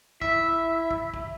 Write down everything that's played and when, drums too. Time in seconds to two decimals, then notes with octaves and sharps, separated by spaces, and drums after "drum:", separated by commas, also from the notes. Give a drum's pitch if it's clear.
0.21 E4 E5, drum: kick
0.91 drum: kick
1.14 drum: kick